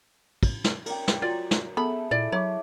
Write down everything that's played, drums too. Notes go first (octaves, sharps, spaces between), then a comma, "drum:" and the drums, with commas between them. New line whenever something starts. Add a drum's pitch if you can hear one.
drum: kick, cymbal
drum: snare
A#4 D5 G5, drum: cymbal
drum: snare
F#3 F4 D5 G#5
drum: snare
B3 G#4 A4 E5 B5
A#2 E4 D5
F#3 C#5 B5 D6